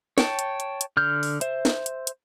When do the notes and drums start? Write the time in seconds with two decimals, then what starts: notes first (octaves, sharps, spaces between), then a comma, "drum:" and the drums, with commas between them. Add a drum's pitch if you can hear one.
0.18 C#5 G5 A5, drum: snare
0.39 drum: hi-hat
0.60 drum: hi-hat
0.81 drum: hi-hat
0.97 D3 F6 G6
1.23 drum: open hi-hat
1.41 C5 E5, drum: hi-hat
1.65 drum: snare
1.86 drum: hi-hat
2.07 drum: hi-hat